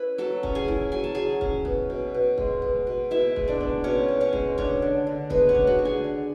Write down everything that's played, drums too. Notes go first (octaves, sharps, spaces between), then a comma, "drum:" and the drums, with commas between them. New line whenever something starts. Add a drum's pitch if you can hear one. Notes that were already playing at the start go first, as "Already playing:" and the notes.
Already playing: C#4 E4 B4 B5
F#3 A4 A5
C#4, drum: kick
G#4 G#5
E4, drum: kick
F#3 G#5
A5
F#3 G#4 G#5
C#4, drum: kick
B3, drum: kick
B2
B2
G#3, drum: kick
B3, drum: kick
B2
B2 E4 E5
G#3, drum: kick
D4 D5
B3, drum: kick
B2 C#4 C#5
B2
C#4 C#5
G#3, drum: kick
C#4 D4 C#5, drum: kick
D3
D3
G#3 B3 B4, drum: kick
C#4 C#5
D4, drum: kick
F#4 F#5
D3
G#4 G#5
D3